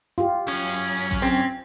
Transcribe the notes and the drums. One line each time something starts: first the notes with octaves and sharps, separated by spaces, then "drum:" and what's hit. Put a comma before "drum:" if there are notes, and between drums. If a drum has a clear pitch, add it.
F4 G4
F#2 C#4
drum: hi-hat
drum: kick A1, hi-hat
C4